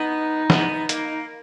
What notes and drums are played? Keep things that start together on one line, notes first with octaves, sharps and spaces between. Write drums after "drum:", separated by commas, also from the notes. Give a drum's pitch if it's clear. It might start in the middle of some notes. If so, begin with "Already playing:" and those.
Already playing: B3 D#4
B3, drum: snare
A#3, drum: hi-hat